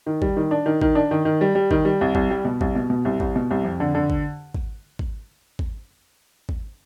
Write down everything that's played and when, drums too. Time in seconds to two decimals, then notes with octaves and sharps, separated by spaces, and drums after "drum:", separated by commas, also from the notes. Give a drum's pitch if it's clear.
0.06 D#3
0.22 G3, drum: kick G#1
0.36 D#3
0.51 D4
0.66 D#3
0.82 D#3, drum: kick G#1
0.95 D4
1.11 D#3
1.25 D#3
1.41 G3
1.55 G3
1.71 D#3, drum: kick G#1
1.85 G3
2.01 C2
2.15 C2, drum: kick G#1
2.30 G3
2.45 B2
2.61 C2, drum: kick G#1
2.75 B2
2.90 B2
3.05 C2
3.20 C2, drum: kick G#1
3.36 B2
3.50 C2
3.64 F2
3.80 D3
3.95 D3
4.10 drum: kick G#1
4.55 drum: kick G#1
4.99 drum: kick G#1
5.59 drum: kick G#1
6.49 drum: kick G#1